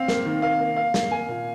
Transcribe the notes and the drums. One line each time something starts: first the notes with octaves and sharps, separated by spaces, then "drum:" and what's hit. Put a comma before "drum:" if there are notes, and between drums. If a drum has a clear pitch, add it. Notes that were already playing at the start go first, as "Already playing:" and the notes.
Already playing: C4 F5
A#3, drum: snare
D#3
A#3 F5
A#3
A#3 F5
A#3, drum: snare
A#3 G#5
A#2